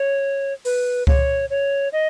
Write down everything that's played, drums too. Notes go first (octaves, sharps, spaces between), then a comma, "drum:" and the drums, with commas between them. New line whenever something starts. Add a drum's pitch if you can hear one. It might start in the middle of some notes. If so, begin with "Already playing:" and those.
Already playing: C#5
B4, drum: open hi-hat
C#5, drum: kick C#2
C#5
D#5